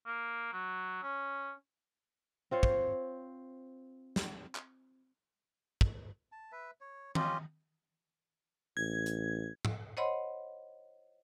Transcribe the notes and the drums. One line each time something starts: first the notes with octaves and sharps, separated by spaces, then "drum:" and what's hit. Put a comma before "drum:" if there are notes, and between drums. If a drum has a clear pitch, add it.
A#3
F#3
C#4
C4 F4 C5 C#5
drum: kick
drum: snare
drum: clap
drum: kick
A5
B4 E5
C#5
C#4 F4 G4 D#5, drum: tom D#3
A1 G#6
drum: hi-hat
drum: tom G#2
C5 C#5 D#5 F#5 B5 C6